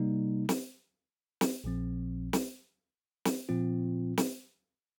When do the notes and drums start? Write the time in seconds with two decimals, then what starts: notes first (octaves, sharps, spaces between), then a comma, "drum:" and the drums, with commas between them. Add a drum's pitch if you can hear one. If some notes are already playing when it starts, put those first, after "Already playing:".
Already playing: C3 G3 A#3 D#4
0.49 drum: snare
1.41 drum: snare
1.64 A#1 A#2 F3 C4
2.33 drum: snare
3.25 drum: snare
3.49 A#2 F3 C4 F4
4.18 drum: snare